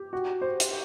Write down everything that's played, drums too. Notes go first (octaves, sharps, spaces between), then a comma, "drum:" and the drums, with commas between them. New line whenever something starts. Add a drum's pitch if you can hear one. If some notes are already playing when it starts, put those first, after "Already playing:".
Already playing: G4
F#4
C5
drum: hi-hat